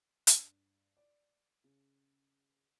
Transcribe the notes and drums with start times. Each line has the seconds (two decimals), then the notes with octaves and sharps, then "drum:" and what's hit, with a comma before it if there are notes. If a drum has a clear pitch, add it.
0.27 G2, drum: hi-hat
0.97 D5
1.64 C#3